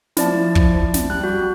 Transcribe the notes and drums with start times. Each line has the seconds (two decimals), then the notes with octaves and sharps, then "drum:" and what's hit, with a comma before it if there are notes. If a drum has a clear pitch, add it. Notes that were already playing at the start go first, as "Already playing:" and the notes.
0.17 F3 E4 D5 A5, drum: snare
0.55 drum: kick
0.94 drum: snare
1.10 G3 F#6
1.24 F#4